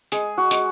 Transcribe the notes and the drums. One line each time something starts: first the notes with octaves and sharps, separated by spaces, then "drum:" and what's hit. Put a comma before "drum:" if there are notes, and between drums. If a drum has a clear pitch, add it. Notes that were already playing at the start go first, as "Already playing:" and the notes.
G#3 G#4, drum: hi-hat
F#4
G#3, drum: hi-hat